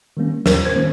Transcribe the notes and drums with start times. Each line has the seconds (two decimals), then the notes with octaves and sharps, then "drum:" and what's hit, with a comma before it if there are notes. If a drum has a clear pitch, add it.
0.17 D#3 G3 A#3 C#4
0.46 D#2 A#4, drum: snare
0.65 C5
0.75 D#3 G3 A#3 C#4